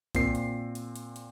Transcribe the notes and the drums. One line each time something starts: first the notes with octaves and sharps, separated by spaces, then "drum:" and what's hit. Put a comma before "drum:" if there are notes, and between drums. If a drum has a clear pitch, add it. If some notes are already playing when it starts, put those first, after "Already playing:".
A#2 C4 C7, drum: kick, hi-hat
drum: hi-hat
drum: hi-hat
drum: hi-hat
drum: hi-hat